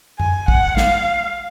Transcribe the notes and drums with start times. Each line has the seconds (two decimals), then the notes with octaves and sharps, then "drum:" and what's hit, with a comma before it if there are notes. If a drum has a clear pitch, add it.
0.20 G#5, drum: tom F#2
0.48 F#5, drum: kick
0.77 F5, drum: snare